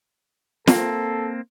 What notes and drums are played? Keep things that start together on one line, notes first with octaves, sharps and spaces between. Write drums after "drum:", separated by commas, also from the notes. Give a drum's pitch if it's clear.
A#3 C4 A4, drum: snare